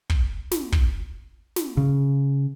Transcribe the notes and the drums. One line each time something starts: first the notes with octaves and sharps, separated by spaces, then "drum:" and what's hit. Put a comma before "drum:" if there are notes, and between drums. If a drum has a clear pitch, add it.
drum: kick
drum: snare
drum: kick
drum: snare
C#3